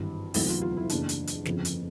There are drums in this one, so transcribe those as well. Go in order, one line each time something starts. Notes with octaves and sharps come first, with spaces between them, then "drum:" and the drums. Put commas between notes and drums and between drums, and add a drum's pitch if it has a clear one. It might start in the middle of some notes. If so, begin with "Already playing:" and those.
Already playing: G#1 G2 E3
E1 D2 C3 D#3 F#3 E4, drum: open hi-hat
F4
F4
E4
F#1 E2 C#3 D4, drum: hi-hat
drum: hi-hat
drum: hi-hat
G1 F2 C#3 F3, drum: snare
drum: hi-hat